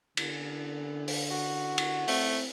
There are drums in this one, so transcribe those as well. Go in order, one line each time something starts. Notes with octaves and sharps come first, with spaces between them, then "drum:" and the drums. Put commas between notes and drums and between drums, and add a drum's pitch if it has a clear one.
D3, drum: cymbal
drum: open hi-hat
F#4
drum: cymbal
A3 C4, drum: open hi-hat